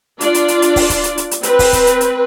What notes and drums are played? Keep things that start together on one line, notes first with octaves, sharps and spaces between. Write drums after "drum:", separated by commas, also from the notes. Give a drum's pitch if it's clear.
D4 F4 D5, drum: hi-hat
drum: hi-hat
drum: hi-hat
drum: hi-hat
drum: kick, open hi-hat
drum: kick, hi-hat
drum: hi-hat
drum: hi-hat
drum: hi-hat
C4 B4, drum: hi-hat
drum: kick, open hi-hat
drum: kick, hi-hat
drum: hi-hat
drum: hi-hat